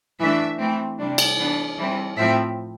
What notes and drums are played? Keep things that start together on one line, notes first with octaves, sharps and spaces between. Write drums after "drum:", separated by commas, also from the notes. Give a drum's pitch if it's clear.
E3 A3 D4 E5
E3 A3 C4
C3 G3 D4
drum: cymbal
E3 B3 D4
E3 G3 C4
A2 F3 C4 E5